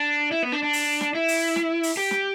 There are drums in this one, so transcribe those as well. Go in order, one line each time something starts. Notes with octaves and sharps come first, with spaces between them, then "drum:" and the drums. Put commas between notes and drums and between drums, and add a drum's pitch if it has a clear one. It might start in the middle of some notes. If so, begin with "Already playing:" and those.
Already playing: D4
E4
B3
D4
D4
drum: open hi-hat
drum: snare
E4
drum: open hi-hat
drum: snare
drum: open hi-hat
G4
drum: snare